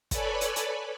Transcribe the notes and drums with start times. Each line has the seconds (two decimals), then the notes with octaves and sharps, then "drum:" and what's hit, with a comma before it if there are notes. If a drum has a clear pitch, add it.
0.11 A4 B4 C#5 D5 G#5 B5, drum: kick, hi-hat
0.41 drum: hi-hat
0.56 drum: hi-hat